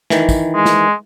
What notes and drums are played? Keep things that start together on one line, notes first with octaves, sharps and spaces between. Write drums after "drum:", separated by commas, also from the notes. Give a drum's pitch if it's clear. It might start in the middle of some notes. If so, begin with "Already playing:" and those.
D#3 E3, drum: snare
drum: kick, tambourine
G#3
drum: snare